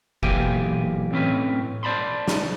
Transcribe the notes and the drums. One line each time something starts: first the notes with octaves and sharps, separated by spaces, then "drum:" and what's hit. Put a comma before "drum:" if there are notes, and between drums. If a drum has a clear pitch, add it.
B1 E3 A#3 G4 G5 G#5, drum: kick F#1
A2 C4 C#4 B4
C5 D5 A5 B5 C6
drum: snare